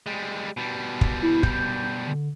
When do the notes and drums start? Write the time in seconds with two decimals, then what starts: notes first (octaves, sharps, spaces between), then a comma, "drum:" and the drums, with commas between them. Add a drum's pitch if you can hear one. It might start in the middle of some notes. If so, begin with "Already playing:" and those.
0.06 G3 G#3
0.57 B2 G3
1.01 drum: kick
1.22 E4
1.43 G6, drum: kick
2.07 D3